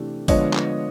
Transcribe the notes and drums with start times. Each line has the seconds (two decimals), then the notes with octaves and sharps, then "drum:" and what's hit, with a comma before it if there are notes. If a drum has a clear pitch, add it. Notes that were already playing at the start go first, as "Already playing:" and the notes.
Already playing: C3 E3 A3 D4
0.28 D3 F3 G#3 B3 D4 C#5 D#5, drum: kick, open hi-hat
0.54 drum: clap